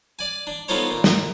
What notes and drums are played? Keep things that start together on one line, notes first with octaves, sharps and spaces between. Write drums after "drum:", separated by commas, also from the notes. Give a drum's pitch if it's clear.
D5 G#5
D4
B3 D#4 F4 A4 C5 C#5
A#2
drum: snare